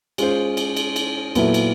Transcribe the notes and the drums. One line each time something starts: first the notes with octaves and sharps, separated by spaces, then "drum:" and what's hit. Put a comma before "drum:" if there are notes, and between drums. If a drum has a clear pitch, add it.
G#3 C#4 F4 G#4 C5, drum: cymbal
drum: cymbal
drum: cymbal
drum: cymbal
A#2 F#3 B3 E4 A4, drum: cymbal
drum: cymbal